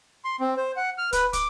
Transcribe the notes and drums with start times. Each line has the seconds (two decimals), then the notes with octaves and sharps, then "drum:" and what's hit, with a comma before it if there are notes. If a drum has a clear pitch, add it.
0.25 C6
0.41 C4
0.57 C5
0.77 F#5
0.98 F6
1.13 B4, drum: kick, hi-hat
1.33 D6, drum: kick, hi-hat